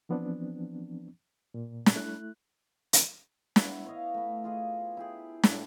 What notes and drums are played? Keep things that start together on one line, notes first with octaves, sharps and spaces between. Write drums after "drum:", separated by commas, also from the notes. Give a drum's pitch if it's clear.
E3 F3 B3 C4 D4
A#2
drum: snare
A3 E4 F#6
drum: hi-hat
B3 E4, drum: snare
C#5 D#5 F5
A3 B5
F4 G#4 D#5
E4 G4 G#4
A2 D4, drum: snare